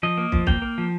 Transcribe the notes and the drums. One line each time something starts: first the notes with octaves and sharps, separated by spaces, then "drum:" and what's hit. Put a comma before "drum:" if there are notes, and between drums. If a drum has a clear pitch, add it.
F3 D#5
A#3
F3, drum: kick
A#3 G5, drum: kick
A#3
F3